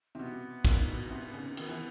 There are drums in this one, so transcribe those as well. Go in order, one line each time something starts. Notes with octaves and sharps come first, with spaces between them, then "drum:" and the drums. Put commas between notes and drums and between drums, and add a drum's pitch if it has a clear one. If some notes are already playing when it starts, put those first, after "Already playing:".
C3
B2 B3
A#2, drum: kick, cymbal
B2
C3
C#3
D#3 B3, drum: cymbal
E3